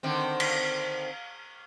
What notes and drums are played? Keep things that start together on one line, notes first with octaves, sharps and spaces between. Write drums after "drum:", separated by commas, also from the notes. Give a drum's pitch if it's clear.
D3 D#3 C4
drum: cymbal